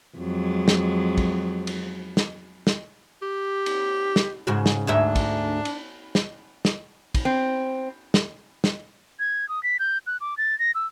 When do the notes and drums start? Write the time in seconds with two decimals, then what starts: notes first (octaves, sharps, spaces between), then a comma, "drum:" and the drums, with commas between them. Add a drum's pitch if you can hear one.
0.18 F2 F#3 G#3
0.68 drum: snare
1.17 drum: kick, cymbal
1.67 drum: cymbal
2.17 drum: snare
2.67 drum: snare
3.22 G4
3.66 drum: cymbal
4.16 drum: snare
4.47 G#2 C#3 F#4
4.66 drum: snare
4.87 D2 G#2 D4 E5
5.15 drum: kick, cymbal
5.65 drum: cymbal
6.15 drum: snare
6.65 drum: snare
7.15 drum: kick, cymbal
7.25 C4
8.14 drum: snare
8.64 drum: snare
9.19 G#6
9.49 D#6
9.63 B6
9.79 G6
10.07 F#6
10.21 D6
10.37 A6
10.59 A#6
10.75 E6